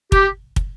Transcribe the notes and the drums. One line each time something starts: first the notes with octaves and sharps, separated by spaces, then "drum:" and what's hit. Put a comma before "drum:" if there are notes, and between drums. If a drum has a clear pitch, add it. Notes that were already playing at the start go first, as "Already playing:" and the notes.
G4, drum: kick
drum: kick